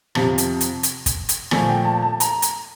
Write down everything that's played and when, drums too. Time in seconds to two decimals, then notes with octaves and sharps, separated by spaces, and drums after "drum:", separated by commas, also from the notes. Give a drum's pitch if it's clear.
0.15 F2 C3 F3, drum: rim click
0.38 drum: hi-hat
0.61 drum: hi-hat
0.83 drum: hi-hat
1.06 drum: kick, hi-hat
1.29 drum: hi-hat
1.51 A#2 F3 A3 G#5, drum: rim click
1.68 G5
1.85 A5
2.02 A5
2.20 A#5, drum: hi-hat
2.42 drum: hi-hat